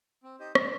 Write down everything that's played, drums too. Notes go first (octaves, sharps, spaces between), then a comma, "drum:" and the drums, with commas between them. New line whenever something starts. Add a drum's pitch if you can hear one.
C4
D#4 G4 C5 D#5
C4, drum: rim click